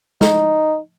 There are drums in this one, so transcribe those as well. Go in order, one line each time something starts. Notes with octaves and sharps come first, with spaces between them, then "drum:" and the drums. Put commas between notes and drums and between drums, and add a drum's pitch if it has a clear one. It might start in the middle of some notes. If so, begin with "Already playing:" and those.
D#4, drum: snare